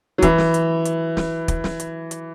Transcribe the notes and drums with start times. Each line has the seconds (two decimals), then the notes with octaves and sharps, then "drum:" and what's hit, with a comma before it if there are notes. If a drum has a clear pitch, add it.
0.18 F#3
0.22 E3, drum: kick, hi-hat
0.38 drum: snare
0.54 drum: hi-hat
0.85 drum: hi-hat
1.17 drum: snare
1.48 drum: kick, hi-hat
1.64 drum: snare
1.80 drum: hi-hat
2.11 drum: hi-hat